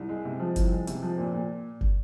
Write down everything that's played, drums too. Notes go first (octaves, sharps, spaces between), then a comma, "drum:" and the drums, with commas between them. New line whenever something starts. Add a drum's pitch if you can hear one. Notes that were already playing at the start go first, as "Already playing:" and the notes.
Already playing: C2
G#3
C3
F3
C2, drum: kick F#1, hi-hat
G#3
C3, drum: hi-hat
F3
A#2
A#2
drum: kick F#1